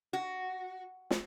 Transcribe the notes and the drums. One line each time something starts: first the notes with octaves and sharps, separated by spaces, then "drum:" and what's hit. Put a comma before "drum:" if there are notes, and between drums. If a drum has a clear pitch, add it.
F#4
drum: snare